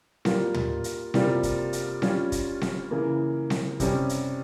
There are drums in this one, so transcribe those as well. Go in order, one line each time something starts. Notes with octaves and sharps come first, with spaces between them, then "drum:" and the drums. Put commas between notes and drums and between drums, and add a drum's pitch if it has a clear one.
G3 A#3 F4, drum: snare C4
drum: tom
drum: hi-hat
C3 G3 A#3 F4, drum: snare C4
drum: kick, hi-hat
drum: hi-hat
G3 C#4 F4, drum: snare C4
drum: kick, hi-hat
drum: snare C4
C#3 E3 A#3
drum: snare C4
C3 G3 C#4, drum: kick, hi-hat
drum: hi-hat